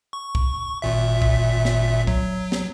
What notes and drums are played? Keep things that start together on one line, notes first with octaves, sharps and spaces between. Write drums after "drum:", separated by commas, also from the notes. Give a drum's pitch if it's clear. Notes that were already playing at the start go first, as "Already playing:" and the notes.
C#6
drum: kick C2
G#1 A#2 E5
drum: kick C2
drum: snare
F#3, drum: kick C2
drum: snare